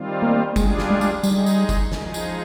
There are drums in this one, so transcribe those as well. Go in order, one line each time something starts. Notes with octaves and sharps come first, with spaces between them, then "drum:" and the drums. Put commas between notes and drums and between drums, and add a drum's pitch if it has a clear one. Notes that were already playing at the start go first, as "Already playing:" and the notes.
Already playing: D#3 G3 C4 F4
A#3
G3 G#3 D4 F4 G#4, drum: kick F#1, tambourine
drum: snare
G#3
drum: tambourine
G3 G#3 D#4 G#4, drum: tambourine
drum: tambourine
drum: kick F#1, tambourine
F3 G#3 D#4 G#4, drum: snare
drum: tambourine